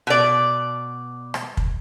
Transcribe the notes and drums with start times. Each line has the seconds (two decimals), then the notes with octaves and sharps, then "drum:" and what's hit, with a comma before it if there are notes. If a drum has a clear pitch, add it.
0.07 B2 D5
1.34 drum: rim click
1.57 drum: kick